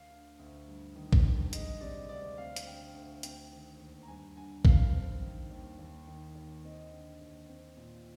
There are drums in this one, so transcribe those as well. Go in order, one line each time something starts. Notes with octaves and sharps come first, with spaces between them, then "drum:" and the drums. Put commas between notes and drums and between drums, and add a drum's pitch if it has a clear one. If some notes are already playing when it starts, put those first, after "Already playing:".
Already playing: D2 F5
D3
D2
G2
D#3
drum: kick A1
G2
G#3 D#5, drum: hi-hat
C3 D5
D2 D5
C4 F5
F5, drum: hi-hat
D3 G5
D2
C4 G5, drum: hi-hat
D#3
D#2
A#5
G2 G#5
D3 G#5
G2 F5, drum: kick A1
C4
D#3
D#2
D#2
D#3
D#2
C4 D#5
D3
D#2
C4
A#2